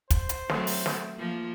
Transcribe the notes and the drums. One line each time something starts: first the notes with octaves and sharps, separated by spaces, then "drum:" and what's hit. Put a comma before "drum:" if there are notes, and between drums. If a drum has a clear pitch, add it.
C5, drum: kick, hi-hat
drum: hi-hat
F#3 A3 C4, drum: snare
drum: open hi-hat
drum: snare
F3 A#3